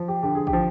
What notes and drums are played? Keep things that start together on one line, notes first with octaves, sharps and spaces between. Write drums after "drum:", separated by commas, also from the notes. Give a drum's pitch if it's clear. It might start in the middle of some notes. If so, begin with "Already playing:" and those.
Already playing: F3
G4
D3 G4
G#4
G4, drum: kick
F3